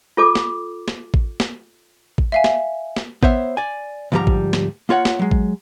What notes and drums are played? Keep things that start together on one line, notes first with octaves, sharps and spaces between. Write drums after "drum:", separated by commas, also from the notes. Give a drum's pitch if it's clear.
F4 A4 D6
drum: snare
drum: snare
drum: kick A1
drum: snare
drum: kick A1
E5 F5 G#5
drum: snare
drum: snare
B3 C5 C#5 E5, drum: kick A1
D5 G#5
D2 G#2 F3 G3 G4 A#5
drum: kick A1
drum: snare
A#3 F4 C#5 F#5
drum: snare
F#3 G#3
drum: kick A1